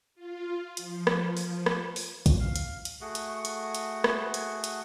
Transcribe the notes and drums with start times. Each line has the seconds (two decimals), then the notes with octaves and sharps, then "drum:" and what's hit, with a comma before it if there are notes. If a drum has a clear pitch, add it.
0.15 F4
0.77 F3, drum: hi-hat
1.07 drum: rim click
1.37 drum: open hi-hat
1.66 drum: rim click
1.96 drum: open hi-hat
2.26 drum: kick A#1, hi-hat
2.40 F5
2.56 drum: hi-hat
2.85 drum: hi-hat
3.01 A3 F#4 G#4 F#5
3.15 drum: hi-hat
3.45 drum: hi-hat
3.75 drum: hi-hat
4.04 drum: rim click
4.34 drum: hi-hat
4.64 drum: hi-hat